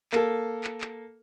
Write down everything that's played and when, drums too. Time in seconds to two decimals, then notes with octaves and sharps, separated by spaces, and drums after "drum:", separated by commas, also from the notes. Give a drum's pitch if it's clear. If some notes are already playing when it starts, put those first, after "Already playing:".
0.12 A#3 A4, drum: clap
0.64 drum: clap
0.81 drum: clap